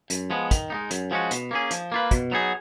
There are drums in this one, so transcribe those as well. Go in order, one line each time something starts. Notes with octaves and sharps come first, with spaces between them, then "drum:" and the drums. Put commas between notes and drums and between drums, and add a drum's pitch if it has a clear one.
F#2, drum: hi-hat
F3 G#3 B3
D#3, drum: kick, hi-hat
G#3 B3 D#4
F#2, drum: hi-hat
F3 G#3 C#4 F#4
B2, drum: hi-hat
A#3 C#4 G#4
F3, drum: hi-hat
A#3 F4 B4
B2, drum: kick, hi-hat
F#3 B3 D#4 G#4